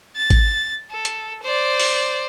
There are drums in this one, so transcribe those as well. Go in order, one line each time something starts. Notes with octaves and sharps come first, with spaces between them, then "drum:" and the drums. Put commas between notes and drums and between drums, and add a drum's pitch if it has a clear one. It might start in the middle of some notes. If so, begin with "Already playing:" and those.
A6
drum: kick G#1, hi-hat
A4
drum: hi-hat
C5 D5
drum: open hi-hat